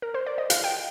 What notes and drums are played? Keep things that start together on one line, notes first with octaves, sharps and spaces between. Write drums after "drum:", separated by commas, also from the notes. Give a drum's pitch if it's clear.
A#4
C5
D5
D#5
F5, drum: hi-hat
G5